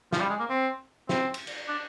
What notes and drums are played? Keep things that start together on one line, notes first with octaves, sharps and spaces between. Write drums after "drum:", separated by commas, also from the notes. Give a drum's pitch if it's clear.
F3, drum: snare
G3
G#3
A#3
C4
C4, drum: snare
drum: cymbal
drum: cymbal
D4